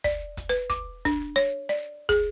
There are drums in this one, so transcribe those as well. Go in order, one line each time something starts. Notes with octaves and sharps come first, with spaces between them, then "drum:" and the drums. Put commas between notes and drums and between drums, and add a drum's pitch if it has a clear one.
D5, drum: kick, hi-hat
drum: kick, hi-hat
B4
D6, drum: kick, hi-hat
D4, drum: kick, hi-hat
C#5
D5
G#4, drum: kick, hi-hat